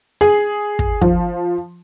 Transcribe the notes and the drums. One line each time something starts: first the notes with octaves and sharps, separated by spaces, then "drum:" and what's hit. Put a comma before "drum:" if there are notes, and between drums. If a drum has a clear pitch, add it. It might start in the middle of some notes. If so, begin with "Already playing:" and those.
G#4
drum: kick
F3, drum: kick